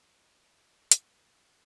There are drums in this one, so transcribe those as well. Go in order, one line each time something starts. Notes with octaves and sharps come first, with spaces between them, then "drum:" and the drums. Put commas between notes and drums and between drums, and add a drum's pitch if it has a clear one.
D#5
D5
D#5
D5
C5, drum: hi-hat
B4